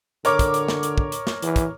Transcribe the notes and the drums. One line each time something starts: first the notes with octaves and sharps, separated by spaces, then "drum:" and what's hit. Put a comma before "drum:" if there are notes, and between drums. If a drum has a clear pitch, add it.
D3 A#4 C#5 D6, drum: hi-hat
drum: kick, hi-hat
drum: hi-hat
drum: snare
drum: hi-hat
drum: kick
drum: hi-hat
drum: snare
E3, drum: hi-hat
drum: kick, hi-hat